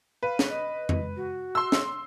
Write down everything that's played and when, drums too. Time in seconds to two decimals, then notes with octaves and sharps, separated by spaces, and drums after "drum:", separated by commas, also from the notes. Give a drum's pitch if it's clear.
0.23 B4 F5
0.39 drum: snare
0.49 D#5
0.89 drum: tom F2
1.16 F#4
1.55 C6 E6
1.72 drum: snare